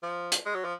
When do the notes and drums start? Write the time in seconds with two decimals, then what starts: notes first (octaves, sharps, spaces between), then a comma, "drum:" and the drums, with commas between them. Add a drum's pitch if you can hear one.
0.03 F3
0.32 drum: hi-hat
0.46 G#3
0.55 F#3
0.65 F3